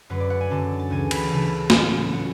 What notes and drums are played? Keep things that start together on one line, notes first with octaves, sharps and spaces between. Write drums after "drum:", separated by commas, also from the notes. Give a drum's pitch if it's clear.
F#2 D3 F#3 C#4 B4
D5
F#5
G#5
F#2 D3 F#3 C#4 A5
A5
D2 C#3 E3 G#5
B5, drum: cymbal
D2 C#3 E3 A5
A2 F#3 C#4, drum: snare
A2 F#3 C#4 F#5